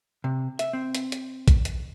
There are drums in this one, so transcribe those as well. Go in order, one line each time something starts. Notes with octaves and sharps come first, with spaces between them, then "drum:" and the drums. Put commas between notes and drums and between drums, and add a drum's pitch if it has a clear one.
C3
E5, drum: hi-hat
C4
drum: hi-hat
drum: hi-hat
drum: kick, hi-hat
drum: hi-hat